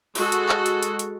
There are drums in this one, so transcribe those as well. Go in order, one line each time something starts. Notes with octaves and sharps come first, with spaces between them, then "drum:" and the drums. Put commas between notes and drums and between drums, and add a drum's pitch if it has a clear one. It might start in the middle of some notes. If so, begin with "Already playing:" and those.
G#3 F#4 A4, drum: open hi-hat
drum: hi-hat
drum: clap
drum: hi-hat
drum: hi-hat
drum: hi-hat